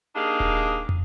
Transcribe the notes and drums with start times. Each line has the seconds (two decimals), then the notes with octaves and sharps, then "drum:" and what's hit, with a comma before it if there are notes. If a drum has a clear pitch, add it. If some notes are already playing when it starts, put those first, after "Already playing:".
0.16 A#3 D4 D#4 G4 G#4 F5
0.40 drum: kick D#1
0.89 drum: tom